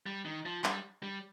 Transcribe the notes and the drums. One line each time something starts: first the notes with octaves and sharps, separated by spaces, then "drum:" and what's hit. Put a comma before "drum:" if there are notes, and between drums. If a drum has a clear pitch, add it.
G3
D#3
F3
G3, drum: clap
G3